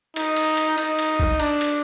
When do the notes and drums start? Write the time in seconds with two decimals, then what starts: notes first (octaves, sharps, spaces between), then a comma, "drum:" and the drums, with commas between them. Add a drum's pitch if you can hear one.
0.16 D#4, drum: cymbal
0.36 drum: cymbal
0.57 drum: cymbal
0.78 D#4, drum: cymbal
0.99 drum: cymbal
1.19 drum: kick
1.40 D4, drum: cymbal
1.61 drum: cymbal